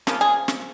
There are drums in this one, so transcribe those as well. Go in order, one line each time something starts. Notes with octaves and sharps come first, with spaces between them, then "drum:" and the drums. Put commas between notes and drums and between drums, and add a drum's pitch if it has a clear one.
C#3 F3 A#3 F4, drum: snare
G#4
drum: snare